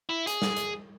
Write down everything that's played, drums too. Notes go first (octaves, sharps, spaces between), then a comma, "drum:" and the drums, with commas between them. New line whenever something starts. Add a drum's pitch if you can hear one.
E4
G#4, drum: hi-hat
drum: snare
drum: hi-hat